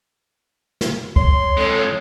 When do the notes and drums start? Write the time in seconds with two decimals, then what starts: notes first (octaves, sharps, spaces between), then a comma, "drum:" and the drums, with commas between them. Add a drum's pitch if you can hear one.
0.81 drum: snare
1.16 C#5 C6, drum: kick
1.58 F2 G#3 A4